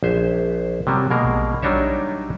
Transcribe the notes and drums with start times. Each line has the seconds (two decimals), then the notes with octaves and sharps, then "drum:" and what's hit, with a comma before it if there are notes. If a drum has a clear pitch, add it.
0.03 A#1 C5 E5
0.87 C3 F#3 G3
1.11 B2 G#3 A#3 A#4
1.24 drum: kick A#1
1.62 F#3 G3 D4 D#4 C#5 E5, drum: kick A#1